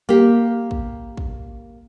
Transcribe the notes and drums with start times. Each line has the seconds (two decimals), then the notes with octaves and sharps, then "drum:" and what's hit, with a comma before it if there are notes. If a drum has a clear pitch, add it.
0.09 A#3 G4
0.71 drum: kick
1.17 drum: kick